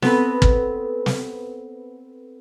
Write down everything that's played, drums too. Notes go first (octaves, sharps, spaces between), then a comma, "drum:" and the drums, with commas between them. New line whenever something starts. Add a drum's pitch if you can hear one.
B3 C4 A4 B4, drum: snare
drum: kick
drum: snare